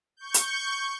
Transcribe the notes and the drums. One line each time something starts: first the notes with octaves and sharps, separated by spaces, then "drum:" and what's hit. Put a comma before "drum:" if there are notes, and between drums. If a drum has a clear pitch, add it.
C#6 G6
drum: hi-hat